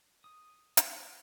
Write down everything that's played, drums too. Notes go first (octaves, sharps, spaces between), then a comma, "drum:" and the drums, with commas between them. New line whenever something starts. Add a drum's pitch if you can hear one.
D#6
drum: hi-hat